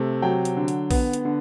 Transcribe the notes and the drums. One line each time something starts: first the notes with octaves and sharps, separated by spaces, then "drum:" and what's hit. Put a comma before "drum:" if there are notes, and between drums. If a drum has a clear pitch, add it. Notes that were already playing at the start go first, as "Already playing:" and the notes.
Already playing: C3 A3
F#3 G5
drum: hi-hat
D3
drum: hi-hat
B3, drum: kick A#1, open hi-hat
drum: hi-hat
D3